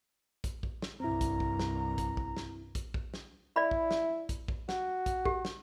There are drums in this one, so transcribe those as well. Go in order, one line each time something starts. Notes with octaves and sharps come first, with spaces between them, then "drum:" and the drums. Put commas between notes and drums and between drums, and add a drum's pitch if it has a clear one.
drum: kick, hi-hat
drum: kick
drum: snare
C2 G2 C4 E4 A#5
drum: kick, hi-hat
drum: kick
drum: snare
drum: kick, hi-hat
drum: kick
drum: snare
drum: kick, hi-hat
drum: kick
drum: snare
E4 D5 B5
drum: kick
drum: snare
drum: kick, hi-hat
drum: kick
F#4, drum: snare
drum: kick, hi-hat
G4, drum: kick
drum: snare